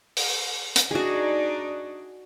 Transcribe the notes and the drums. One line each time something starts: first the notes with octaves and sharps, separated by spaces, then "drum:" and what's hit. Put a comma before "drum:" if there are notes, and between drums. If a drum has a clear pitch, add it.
drum: open hi-hat
drum: hi-hat
D4 D#4 F#4 G#4